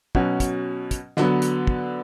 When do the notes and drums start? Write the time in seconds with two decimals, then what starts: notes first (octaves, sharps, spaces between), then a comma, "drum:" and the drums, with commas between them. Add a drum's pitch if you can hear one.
0.15 B2 F#3 C#4 F#4, drum: kick
0.40 drum: kick, hi-hat
0.91 drum: kick, hi-hat
1.17 D3 F#3 B3, drum: snare
1.42 drum: hi-hat
1.67 drum: kick